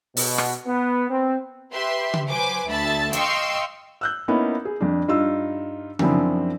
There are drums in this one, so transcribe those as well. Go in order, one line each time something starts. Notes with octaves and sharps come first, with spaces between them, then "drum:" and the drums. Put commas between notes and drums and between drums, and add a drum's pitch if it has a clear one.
B2, drum: open hi-hat
drum: rim click
B3
C4
G4 B4 E5 C6
drum: tom C#3
F#3 B4 C5 G#5 D6
D2 E5 A5 B5 A6
D#5 F5 G5 C6 C#6 E6, drum: hi-hat
E6 F#6 G6
A#3 B3 C#4 D#4 E4
G#4
F2 D4
G2 D#4 F4 E6
F#2 F3 C4 D4 E4, drum: tom C#3